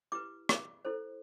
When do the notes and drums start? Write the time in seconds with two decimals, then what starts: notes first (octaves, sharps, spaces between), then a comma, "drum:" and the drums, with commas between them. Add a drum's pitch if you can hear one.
0.12 E4 G4 B4 D6
0.49 D6, drum: rim click
0.85 E4 A4 C5